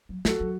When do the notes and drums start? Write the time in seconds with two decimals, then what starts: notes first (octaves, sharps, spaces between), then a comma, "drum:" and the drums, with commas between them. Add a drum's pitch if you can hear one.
0.09 F#3
0.25 F#3 F#4 A4, drum: snare
0.40 F#3